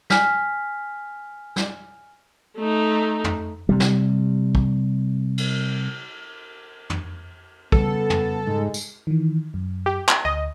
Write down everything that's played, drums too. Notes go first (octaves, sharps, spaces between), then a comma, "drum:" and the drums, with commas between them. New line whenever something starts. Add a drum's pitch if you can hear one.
G#5 F6 B6, drum: snare
drum: snare
A3 D#4
drum: tom
C3 G3
drum: snare
drum: kick
drum: cymbal
drum: tom
C#3 G3 B3 A4, drum: kick
drum: tom
G#2 G#3
drum: tambourine
D#3 E3
F#2
G4
drum: clap
D2 D#5